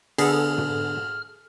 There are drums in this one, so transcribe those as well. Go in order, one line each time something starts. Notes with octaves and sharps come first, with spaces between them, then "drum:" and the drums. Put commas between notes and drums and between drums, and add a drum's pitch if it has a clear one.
D3 B3 G#4 A4 F6, drum: cymbal
drum: tom